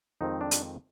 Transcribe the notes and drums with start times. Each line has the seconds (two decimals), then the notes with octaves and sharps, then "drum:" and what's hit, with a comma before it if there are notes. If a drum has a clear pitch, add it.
0.21 F2 D#3 G#3 C4 D#4
0.41 D4
0.51 drum: hi-hat